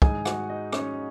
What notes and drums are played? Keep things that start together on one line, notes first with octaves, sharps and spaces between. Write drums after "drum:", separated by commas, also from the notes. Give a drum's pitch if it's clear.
G#2 G#3 G#4 G#5, drum: kick
F#4 F#5, drum: rim click
D#4 D#5
C#4 C#5, drum: rim click